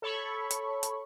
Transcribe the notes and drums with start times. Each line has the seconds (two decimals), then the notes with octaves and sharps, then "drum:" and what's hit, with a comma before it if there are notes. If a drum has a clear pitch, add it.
0.02 A4 C#5 B5 C#6
0.51 drum: hi-hat
0.83 drum: hi-hat